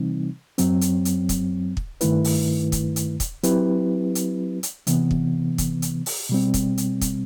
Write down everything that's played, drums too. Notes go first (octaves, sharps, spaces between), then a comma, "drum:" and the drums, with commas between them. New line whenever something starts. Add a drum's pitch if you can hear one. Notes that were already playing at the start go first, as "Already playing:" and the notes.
Already playing: C3 E3 G3 C4 D#4
F#2 F#3 C4, drum: hi-hat
drum: hi-hat
drum: hi-hat
drum: kick, hi-hat
drum: kick
G2 D#3 A3 E4 B4, drum: hi-hat
drum: open hi-hat
drum: kick, hi-hat
drum: hi-hat
drum: kick, hi-hat
F#3 C4 E4 G4 B4, drum: hi-hat
drum: hi-hat
drum: hi-hat
C3 E3 B3, drum: hi-hat
drum: kick
drum: kick, hi-hat
drum: hi-hat
drum: open hi-hat
B2 G3 C4
drum: kick, hi-hat
drum: hi-hat
drum: kick, hi-hat